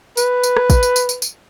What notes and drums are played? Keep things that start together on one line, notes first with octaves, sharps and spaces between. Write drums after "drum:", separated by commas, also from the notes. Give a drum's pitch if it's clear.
B4, drum: tambourine
drum: tambourine
drum: rim click
drum: kick A1, tambourine
drum: tambourine
drum: tambourine
drum: tambourine
drum: tambourine